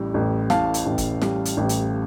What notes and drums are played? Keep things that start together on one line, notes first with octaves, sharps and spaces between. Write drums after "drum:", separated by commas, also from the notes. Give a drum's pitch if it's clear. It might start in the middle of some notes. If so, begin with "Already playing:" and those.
Already playing: A1 A2 G3
A1
A2 F5 A5, drum: snare
drum: hi-hat
A1
drum: kick G1, hi-hat
G3, drum: snare
drum: hi-hat
A1
drum: hi-hat